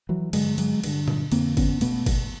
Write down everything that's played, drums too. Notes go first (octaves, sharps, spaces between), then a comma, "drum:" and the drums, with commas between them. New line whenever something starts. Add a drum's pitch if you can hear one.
E3 F#3
G2 D3 F#3 G#3, drum: cymbal
F#3 G#3, drum: cymbal
G2 D3, drum: cymbal
drum: tom A#2
F2 D3 A#3 C4, drum: cymbal
B3 C#4, drum: kick G1, cymbal
B2 A3 B3, drum: cymbal
drum: kick G1, cymbal